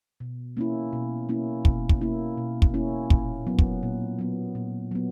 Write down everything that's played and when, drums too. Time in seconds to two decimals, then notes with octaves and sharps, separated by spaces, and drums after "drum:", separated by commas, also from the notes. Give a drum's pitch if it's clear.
0.20 B2
0.57 A#3 C#4 E4
0.93 B2
1.29 A#3 C#4 E4
1.65 B2, drum: kick
1.89 drum: kick
2.01 A#3 C#4 E4
2.37 B2
2.62 drum: kick
2.74 A#3 C#4 E4
3.10 A#2, drum: kick
3.47 F#3 B3
3.59 drum: kick
3.83 A#2
4.19 F#3 B3
4.55 A#2
4.91 F#3 B3